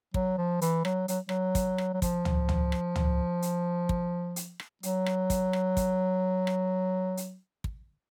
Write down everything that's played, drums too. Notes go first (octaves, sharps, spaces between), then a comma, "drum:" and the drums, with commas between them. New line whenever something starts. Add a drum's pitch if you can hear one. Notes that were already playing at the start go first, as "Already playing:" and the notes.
F#3, drum: kick
F3
E3, drum: hi-hat
F#3, drum: rim click
F#3, drum: hi-hat
F#3, drum: rim click
drum: kick, hi-hat
drum: rim click
F#3
F3, drum: kick, hi-hat
drum: tom
drum: tom
drum: rim click
drum: tom
drum: hi-hat
drum: kick
drum: hi-hat
drum: rim click
F#3, drum: hi-hat
drum: rim click
drum: kick, hi-hat
drum: rim click
drum: kick, hi-hat
drum: rim click
drum: hi-hat
drum: kick